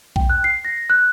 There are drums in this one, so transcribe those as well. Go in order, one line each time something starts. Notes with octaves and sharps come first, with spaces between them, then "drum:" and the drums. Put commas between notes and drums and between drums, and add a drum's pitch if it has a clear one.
G5, drum: kick B1
F#6
C7
A#6
F#6